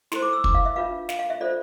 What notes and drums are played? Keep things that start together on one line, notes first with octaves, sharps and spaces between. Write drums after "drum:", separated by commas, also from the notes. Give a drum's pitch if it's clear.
E4 A4 C5 C6, drum: snare
D6
E6
D6, drum: kick
F5
E5
D4 F4 B4 F5
F5, drum: snare
F5
E5
F4 A4 C5 D5